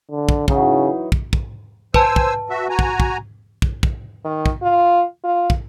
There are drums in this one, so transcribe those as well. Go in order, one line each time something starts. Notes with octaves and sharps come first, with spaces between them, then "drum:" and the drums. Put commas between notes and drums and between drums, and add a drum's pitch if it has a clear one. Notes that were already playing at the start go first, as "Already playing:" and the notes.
D3
drum: kick
C#3 E3 F#3 D#4, drum: kick
drum: kick
drum: kick
B4 C5 G#5 A5 E6, drum: kick
drum: kick
F#4 E5
F#4 G#5 A#5
drum: kick
drum: kick
drum: kick
drum: kick
D#3
drum: kick
F4
F4
drum: kick